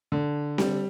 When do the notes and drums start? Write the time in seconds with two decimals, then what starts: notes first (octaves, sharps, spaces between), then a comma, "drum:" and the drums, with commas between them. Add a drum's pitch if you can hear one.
0.12 D3
0.58 G3, drum: snare C4